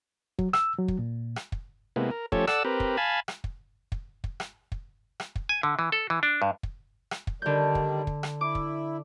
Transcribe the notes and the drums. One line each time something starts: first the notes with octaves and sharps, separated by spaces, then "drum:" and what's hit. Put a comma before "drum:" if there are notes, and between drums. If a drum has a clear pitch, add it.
F#3, drum: kick
E6, drum: rim click
F#3
drum: kick
A#2
drum: rim click
drum: kick
C3 G#3 A#3 B3 E4
A#4
F3 A3 C#4 G4 A4 C#5, drum: kick
A4 D5 F#5 E6, drum: rim click
C4 G4 A#4 B4
drum: kick
F5 G#5 A5 B5
drum: rim click
drum: kick
drum: kick
drum: kick
drum: rim click
drum: kick
drum: rim click
drum: kick
G#5
D3
E3
A4
E3
D4
G2
drum: kick
drum: rim click
drum: kick
D3 D#3 G3 G6
drum: kick
drum: kick
drum: rim click
E4 D6
drum: kick